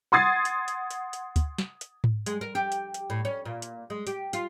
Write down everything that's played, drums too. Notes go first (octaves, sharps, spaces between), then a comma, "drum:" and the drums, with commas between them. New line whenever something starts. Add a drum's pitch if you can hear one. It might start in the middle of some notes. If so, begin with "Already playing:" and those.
F#5 C6 D#6 G#6 A6 C7
drum: hi-hat
drum: hi-hat
drum: hi-hat
drum: hi-hat
drum: kick, hi-hat
drum: snare
drum: hi-hat
drum: tom G#2
G#3, drum: hi-hat
A#4
G4
drum: hi-hat
drum: hi-hat
A2
C#4
A#2
drum: hi-hat
G#3
G4, drum: hi-hat
F4, drum: hi-hat